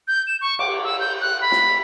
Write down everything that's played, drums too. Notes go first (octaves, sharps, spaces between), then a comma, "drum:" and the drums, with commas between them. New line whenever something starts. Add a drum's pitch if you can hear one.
G6
E7
C#6
D6, drum: cymbal
E6
G6
F#6
B5
drum: snare